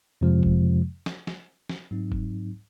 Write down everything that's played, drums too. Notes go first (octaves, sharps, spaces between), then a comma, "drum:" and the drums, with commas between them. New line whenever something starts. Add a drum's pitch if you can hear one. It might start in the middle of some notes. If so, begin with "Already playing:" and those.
F2 C3 F3 G#3
drum: kick F#1
drum: snare
drum: snare
drum: snare
G#2 F#3 C4 D#4
drum: kick F#1